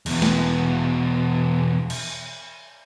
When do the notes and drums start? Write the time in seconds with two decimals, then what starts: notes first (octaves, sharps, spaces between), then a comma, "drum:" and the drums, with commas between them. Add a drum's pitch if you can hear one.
0.06 E2 B2, drum: cymbal
0.22 drum: snare
1.90 drum: cymbal